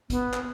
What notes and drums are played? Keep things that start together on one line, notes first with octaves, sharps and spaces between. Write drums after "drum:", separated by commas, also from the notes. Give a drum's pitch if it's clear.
B3, drum: kick, hi-hat
drum: clap